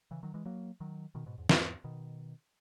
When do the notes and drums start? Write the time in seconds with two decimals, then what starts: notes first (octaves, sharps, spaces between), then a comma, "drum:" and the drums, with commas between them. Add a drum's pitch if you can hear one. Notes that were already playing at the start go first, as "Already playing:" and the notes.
0.11 C#3 E3
0.23 D#3 F#3
0.34 E3 G#3
0.45 F#3 A#3
0.80 D#3 F#3
1.15 B2 D#3
1.26 G#2 B2
1.38 E2 G#2
1.49 E2 G#2, drum: snare
1.84 B2 D#3